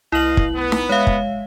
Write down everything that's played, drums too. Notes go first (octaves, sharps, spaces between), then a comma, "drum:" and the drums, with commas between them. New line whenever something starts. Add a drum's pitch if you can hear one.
C2 A3 E4 B4 D#5 F5 F#7
drum: kick
B3
drum: snare D#4
G#3 C#5 E5 F5
drum: kick